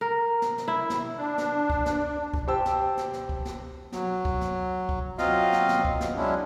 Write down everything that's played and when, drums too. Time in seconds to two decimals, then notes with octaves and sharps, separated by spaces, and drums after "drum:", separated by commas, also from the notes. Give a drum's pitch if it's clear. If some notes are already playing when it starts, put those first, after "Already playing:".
0.01 A#4
0.42 drum: snare
0.58 drum: snare
0.68 E4
0.90 drum: snare
1.17 D4
1.38 drum: snare
1.70 drum: kick
1.86 drum: snare
2.34 drum: kick
2.47 G4 C5 G5 A5 E6
2.65 drum: snare
2.97 drum: snare
3.13 drum: snare
3.29 drum: kick
3.45 drum: snare
3.92 F#3, drum: snare
4.25 drum: kick
4.41 drum: snare
4.89 drum: kick
5.18 F#3 C4 F4 D#5 F5, drum: snare
5.53 drum: snare
5.69 drum: snare
5.85 drum: kick
6.01 drum: snare
6.17 F#3 G#3 C#4 D4 E4